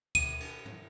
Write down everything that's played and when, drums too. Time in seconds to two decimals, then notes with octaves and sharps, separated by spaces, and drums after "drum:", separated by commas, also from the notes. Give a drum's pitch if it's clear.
0.15 D#7, drum: kick D2, cymbal
0.40 drum: cymbal
0.65 drum: tom